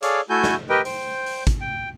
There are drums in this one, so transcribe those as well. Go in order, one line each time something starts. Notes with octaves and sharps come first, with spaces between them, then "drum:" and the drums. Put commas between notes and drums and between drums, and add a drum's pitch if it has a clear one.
G#4 A4 C#5 D5 F5 D6, drum: hi-hat
A3 E4 F#4 A4 G#5 G6
drum: snare
G4 A#4 B4 D#5 G5
C5 G5, drum: open hi-hat
drum: open hi-hat
drum: kick, hi-hat
G5